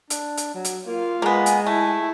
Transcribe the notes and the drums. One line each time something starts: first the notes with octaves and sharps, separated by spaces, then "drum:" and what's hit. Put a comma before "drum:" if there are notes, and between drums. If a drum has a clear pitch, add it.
D4, drum: hi-hat
drum: hi-hat
F#3
drum: hi-hat
A#3 F4
G#3 A#3 B3 G#5
drum: hi-hat
A3 E4